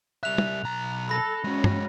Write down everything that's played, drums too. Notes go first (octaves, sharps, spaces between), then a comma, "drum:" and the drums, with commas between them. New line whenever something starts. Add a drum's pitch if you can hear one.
G3 E5 F#6 F7
drum: tom
B1 A#5
A4 B5 A#6
G#3 C#4 F#4
drum: tom G2